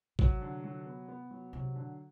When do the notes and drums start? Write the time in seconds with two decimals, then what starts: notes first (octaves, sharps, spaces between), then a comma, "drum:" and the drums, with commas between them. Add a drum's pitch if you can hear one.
0.19 C3 F#3, drum: kick
0.41 D3
0.64 F#3
0.86 B3
1.08 B3
1.31 F#3
1.53 C3 F#3
1.76 D3